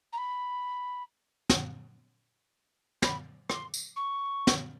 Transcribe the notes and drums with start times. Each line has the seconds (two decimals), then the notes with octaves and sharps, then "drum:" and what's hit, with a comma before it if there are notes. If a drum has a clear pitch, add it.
0.13 A#5
0.18 B5
1.49 drum: snare
3.02 B5, drum: snare
3.50 C6, drum: rim click
3.74 drum: tambourine
3.96 C#6
4.47 drum: snare